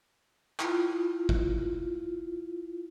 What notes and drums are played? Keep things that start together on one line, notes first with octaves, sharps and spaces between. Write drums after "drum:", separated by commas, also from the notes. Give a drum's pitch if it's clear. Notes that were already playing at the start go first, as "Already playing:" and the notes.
E4 F4, drum: clap
drum: kick G1